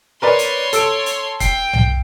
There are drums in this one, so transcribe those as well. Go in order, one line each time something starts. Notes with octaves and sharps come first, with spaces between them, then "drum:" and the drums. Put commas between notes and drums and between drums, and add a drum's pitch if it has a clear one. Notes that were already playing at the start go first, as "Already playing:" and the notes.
A#4 B4 C#5 D5 C6
drum: hi-hat
A4 E6 D7, drum: hi-hat
drum: hi-hat
G5 C7, drum: kick, hi-hat
drum: tom B1